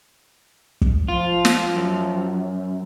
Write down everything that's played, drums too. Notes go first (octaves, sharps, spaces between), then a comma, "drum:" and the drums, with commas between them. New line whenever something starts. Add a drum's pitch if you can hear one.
drum: kick
F3 F4
drum: snare
F#2